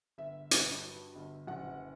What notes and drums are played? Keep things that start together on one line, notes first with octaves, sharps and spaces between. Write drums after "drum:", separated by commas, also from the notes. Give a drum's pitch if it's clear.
G1 E5
G2, drum: hi-hat
F#3
G1
F#1 F#5